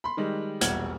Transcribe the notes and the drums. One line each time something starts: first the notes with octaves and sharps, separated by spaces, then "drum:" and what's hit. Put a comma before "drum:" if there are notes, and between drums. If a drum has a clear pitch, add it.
B5 C6
D#3 G3 G#3
E1 A#1 G3 F#5 F6 G#6, drum: hi-hat